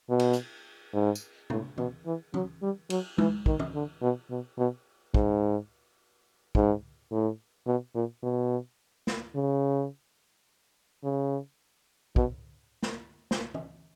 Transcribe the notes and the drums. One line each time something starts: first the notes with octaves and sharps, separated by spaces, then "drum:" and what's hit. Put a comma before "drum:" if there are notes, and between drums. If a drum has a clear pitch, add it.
B2
drum: cymbal
drum: hi-hat
G#2
drum: tambourine
A2, drum: tom
B2, drum: tom
E3
F#3, drum: tom
G3
F#3, drum: cymbal
E3, drum: tom G#3
D#3, drum: kick
drum: tom
D3
B2
B2
B2
G#2, drum: kick
G#2, drum: kick
A2
B2
A#2
B2
drum: snare
C#3
C#3
B2, drum: kick
drum: snare
drum: snare
drum: tom